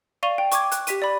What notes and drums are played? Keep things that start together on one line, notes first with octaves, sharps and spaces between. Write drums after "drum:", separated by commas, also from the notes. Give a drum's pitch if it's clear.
D5 F5 C#6 D#7 F7 G7
G5
C#6 D6 G#6, drum: hi-hat
F#6, drum: hi-hat
G4 B6 D#7, drum: hi-hat
D5 B5